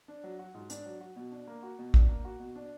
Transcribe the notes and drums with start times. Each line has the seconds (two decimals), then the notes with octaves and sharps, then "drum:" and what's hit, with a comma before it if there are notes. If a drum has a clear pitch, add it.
0.08 D4
0.24 F#3
0.39 F#4
0.54 G#2
0.70 D4, drum: hi-hat
0.85 F#3
1.01 F#4
1.16 B2
1.32 D4
1.47 A#3
1.63 F#4
1.79 B2
1.94 D4, drum: kick
2.09 A#3
2.25 F#4
2.40 B2
2.55 D4